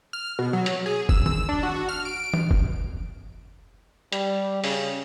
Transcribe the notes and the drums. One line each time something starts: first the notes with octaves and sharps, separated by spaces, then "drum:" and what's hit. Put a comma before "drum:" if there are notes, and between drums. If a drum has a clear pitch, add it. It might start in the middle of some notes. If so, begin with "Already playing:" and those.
F6
B2
F#3
drum: hi-hat
G#4
E6, drum: kick
E6, drum: tom D#3
D4
F#4
F6
D7
drum: tom E3
drum: kick
G3, drum: hi-hat
C#3, drum: open hi-hat